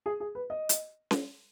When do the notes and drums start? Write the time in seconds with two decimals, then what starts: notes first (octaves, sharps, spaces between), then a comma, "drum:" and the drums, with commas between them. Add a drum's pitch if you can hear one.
0.06 G#4
0.20 G#4
0.35 B4
0.50 D#5
0.69 drum: hi-hat
1.11 drum: snare C#4